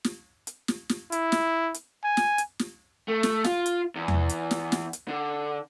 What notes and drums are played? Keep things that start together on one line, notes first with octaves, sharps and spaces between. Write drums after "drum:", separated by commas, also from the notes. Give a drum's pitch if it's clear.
drum: snare
drum: hi-hat
drum: snare
drum: snare
E4, drum: hi-hat
drum: snare
drum: hi-hat
G#5
drum: snare
drum: hi-hat
drum: snare
A3
drum: snare
F4, drum: snare
drum: hi-hat
E2
drum: tom E2
drum: hi-hat
drum: snare
drum: snare
drum: hi-hat
D3